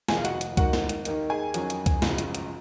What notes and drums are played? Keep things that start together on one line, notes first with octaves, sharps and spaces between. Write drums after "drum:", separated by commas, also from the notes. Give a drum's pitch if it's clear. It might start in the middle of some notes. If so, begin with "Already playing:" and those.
F1 F2 D#3 A#3 D#4 G#4 G#5, drum: snare
F5
F#4 F#5, drum: hi-hat
drum: hi-hat
G#2 D#3 A#3 D#4 F#4 F#5, drum: kick C#2, hi-hat
drum: snare
drum: hi-hat
D#2 D#3 A#3 D#4, drum: hi-hat
G#4 G#5
F2 D#3 F#3 C#4, drum: hi-hat
drum: hi-hat
drum: kick C#2, hi-hat
G#1 F#2 C#3 F3 G#3, drum: snare
drum: hi-hat
drum: hi-hat